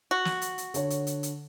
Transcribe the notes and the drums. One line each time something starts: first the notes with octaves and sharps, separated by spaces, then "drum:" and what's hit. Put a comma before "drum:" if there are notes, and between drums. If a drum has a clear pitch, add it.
F#4
drum: snare
drum: hi-hat
drum: hi-hat
D3 C#5, drum: hi-hat
drum: hi-hat
drum: hi-hat
drum: hi-hat